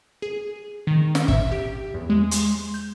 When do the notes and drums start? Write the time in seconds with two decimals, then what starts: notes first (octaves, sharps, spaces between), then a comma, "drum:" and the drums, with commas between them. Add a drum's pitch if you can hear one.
0.22 G#4
0.87 D#3
1.15 drum: snare
1.28 E5, drum: kick
1.52 G4
1.94 E2
2.10 G#3
2.31 C6, drum: hi-hat
2.74 G6